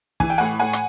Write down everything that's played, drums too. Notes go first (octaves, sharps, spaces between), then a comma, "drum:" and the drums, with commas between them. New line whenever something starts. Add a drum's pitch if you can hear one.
E3 G#5, drum: kick
G5
A2 F#5 G#5
A2 F#5 G#5
drum: rim click